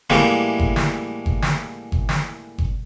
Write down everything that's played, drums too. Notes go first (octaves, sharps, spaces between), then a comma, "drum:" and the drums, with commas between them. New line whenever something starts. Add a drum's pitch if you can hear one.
A2 E3 G3 G#3 A#3, drum: snare
drum: kick G1
drum: snare
drum: kick G1
drum: snare
drum: kick G1
drum: snare
drum: kick G1